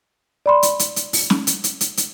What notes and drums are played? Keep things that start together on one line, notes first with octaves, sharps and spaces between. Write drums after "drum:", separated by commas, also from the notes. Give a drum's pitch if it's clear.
D5 B5 C6
drum: hi-hat
drum: hi-hat
drum: hi-hat
drum: open hi-hat
drum: snare
drum: hi-hat
drum: hi-hat
drum: hi-hat
drum: hi-hat